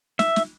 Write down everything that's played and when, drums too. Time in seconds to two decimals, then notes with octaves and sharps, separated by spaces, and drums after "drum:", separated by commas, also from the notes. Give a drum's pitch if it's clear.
0.19 E5, drum: snare
0.36 drum: snare